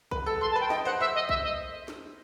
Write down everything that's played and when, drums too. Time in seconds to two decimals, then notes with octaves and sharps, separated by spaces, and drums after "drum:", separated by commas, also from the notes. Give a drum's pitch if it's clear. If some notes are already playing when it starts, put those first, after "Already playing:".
0.11 B4, drum: kick B1
0.26 A4 E6
0.41 A4 C6
0.51 A5
0.56 B4 G5
0.70 D#5 G5, drum: snare
0.85 C5 F#5
1.00 C5 E5
1.15 D#5
1.29 E5, drum: kick B1
1.43 D#5
1.88 drum: snare